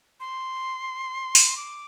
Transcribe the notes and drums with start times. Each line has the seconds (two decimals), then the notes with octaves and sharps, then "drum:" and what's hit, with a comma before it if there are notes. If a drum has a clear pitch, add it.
0.20 C6
1.35 drum: open hi-hat
1.57 D6